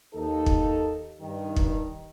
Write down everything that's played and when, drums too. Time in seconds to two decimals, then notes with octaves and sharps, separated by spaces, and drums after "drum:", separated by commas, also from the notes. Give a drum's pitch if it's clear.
0.14 D#2 D#4 A4
0.46 drum: kick
1.20 G2 D#3
1.56 drum: kick